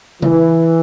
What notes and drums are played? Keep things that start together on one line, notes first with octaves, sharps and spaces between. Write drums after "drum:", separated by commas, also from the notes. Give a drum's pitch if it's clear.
E3, drum: tom C#3